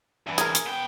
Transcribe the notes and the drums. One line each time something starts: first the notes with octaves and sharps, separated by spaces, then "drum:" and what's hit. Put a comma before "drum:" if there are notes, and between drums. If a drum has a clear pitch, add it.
G2 E3
G#4 A#4, drum: hi-hat
drum: hi-hat
B3 G5